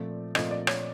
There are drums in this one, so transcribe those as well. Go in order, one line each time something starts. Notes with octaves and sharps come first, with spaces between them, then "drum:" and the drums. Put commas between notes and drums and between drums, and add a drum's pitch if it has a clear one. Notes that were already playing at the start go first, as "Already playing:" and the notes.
Already playing: A#2 F3 A3 C4 D5
A#2 F3 A3 C4 D#5, drum: rim click
D5
C#5, drum: rim click